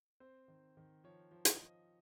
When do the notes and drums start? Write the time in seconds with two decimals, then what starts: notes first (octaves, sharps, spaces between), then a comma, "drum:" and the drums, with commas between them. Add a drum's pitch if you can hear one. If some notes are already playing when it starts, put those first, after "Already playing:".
0.20 C4 C5
0.48 D#3
0.77 D#3
1.04 F3 C#5
1.31 F3
1.45 D#5, drum: hi-hat
1.59 F3